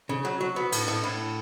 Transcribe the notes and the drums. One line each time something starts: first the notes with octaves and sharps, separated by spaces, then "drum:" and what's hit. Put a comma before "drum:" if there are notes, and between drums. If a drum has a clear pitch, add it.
C#3
F#3
F#3
B3
A2, drum: cymbal
A2
A2